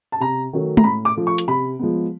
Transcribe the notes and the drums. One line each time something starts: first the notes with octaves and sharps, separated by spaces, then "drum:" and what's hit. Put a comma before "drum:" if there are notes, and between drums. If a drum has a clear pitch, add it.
A5
C3 A#5
D#3 F#3 A3
A#5, drum: tom
A2 B5
D6
F3 A3
C#6
drum: hi-hat
C3 B5
F3 G#3 B3